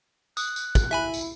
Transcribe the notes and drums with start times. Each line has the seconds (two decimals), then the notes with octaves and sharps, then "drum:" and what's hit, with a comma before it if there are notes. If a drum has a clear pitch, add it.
0.37 D#6 F#6, drum: tambourine
0.56 drum: tambourine
0.75 drum: kick, tambourine
0.91 E4 E5 G#5 B5
1.14 drum: tambourine